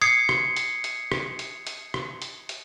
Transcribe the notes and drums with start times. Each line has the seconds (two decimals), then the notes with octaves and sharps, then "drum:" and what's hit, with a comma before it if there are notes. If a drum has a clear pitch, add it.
0.01 D#6 G#6 C7 C#7, drum: hi-hat
0.29 drum: rim click
0.57 drum: hi-hat
0.84 drum: hi-hat
1.12 drum: rim click
1.39 drum: hi-hat
1.67 drum: hi-hat
1.94 drum: rim click
2.22 drum: hi-hat
2.49 drum: hi-hat